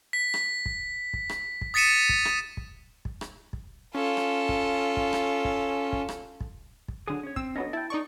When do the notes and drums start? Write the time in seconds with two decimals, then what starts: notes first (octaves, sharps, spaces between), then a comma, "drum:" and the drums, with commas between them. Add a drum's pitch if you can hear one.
0.13 B6
0.34 drum: rim click
0.66 drum: kick
1.13 drum: kick
1.29 drum: rim click
1.61 drum: kick
1.74 D#6 A6 B6 C#7 D#7 E7
2.09 drum: kick
2.25 drum: rim click
2.57 drum: kick
3.05 drum: kick
3.21 drum: rim click
3.53 drum: kick
3.95 C#4 F4 A4
4.17 drum: rim click
4.49 drum: kick
4.97 drum: kick
5.13 drum: rim click
5.45 drum: kick
5.93 drum: kick
6.09 drum: rim click
6.40 drum: kick
6.88 drum: kick
7.08 D3 F#3 G#4 G#5 D#6
7.23 C#4 C#5
7.36 C4 E6, drum: kick
7.56 F#3 B3 C#4 D4 A4 D#5
7.73 E4 G5 A5
7.90 D#4 A4 D5 C#6